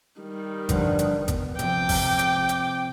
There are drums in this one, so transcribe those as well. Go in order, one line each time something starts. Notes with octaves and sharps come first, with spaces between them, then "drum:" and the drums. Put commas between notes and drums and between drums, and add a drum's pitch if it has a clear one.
D#3 G3
G2 D3 F3, drum: kick G#1, hi-hat
drum: hi-hat
B3, drum: kick G#1, hi-hat
C3 F3 G5 D6, drum: hi-hat
drum: kick G#1, open hi-hat
drum: hi-hat
drum: hi-hat